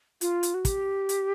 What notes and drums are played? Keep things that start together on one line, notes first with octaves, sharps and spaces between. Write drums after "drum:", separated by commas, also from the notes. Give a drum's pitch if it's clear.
F4, drum: hi-hat
drum: hi-hat
F#4
G4, drum: kick, hi-hat
drum: hi-hat